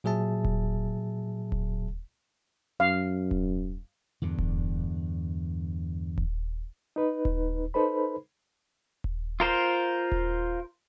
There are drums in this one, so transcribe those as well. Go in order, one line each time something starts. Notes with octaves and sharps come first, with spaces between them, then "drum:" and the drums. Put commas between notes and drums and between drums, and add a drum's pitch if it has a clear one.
A#2 F#3 G#4 E5 A5
drum: kick D#1
drum: kick D#1
F#2 F5
drum: kick D#1
E2 G2 D3
drum: kick D#1
drum: kick D#1
D#4 B4
drum: kick D#1
D#4 A4 B4 C5 B5
drum: kick D#1
F4 A#4 C5
drum: kick D#1